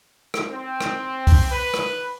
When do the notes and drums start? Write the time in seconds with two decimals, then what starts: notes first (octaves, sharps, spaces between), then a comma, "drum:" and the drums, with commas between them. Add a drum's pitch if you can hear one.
0.34 drum: rim click
0.49 C4
0.81 drum: rim click
1.27 drum: kick, open hi-hat
1.50 B4
1.74 drum: rim click